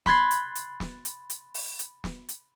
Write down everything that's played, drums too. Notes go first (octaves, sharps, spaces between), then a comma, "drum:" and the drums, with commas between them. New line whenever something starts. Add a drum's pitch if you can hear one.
B5 C6 F#6 G#6 A6 C7, drum: snare
drum: hi-hat
drum: hi-hat
drum: snare
drum: hi-hat
drum: hi-hat
drum: open hi-hat
drum: hi-hat
drum: snare
drum: hi-hat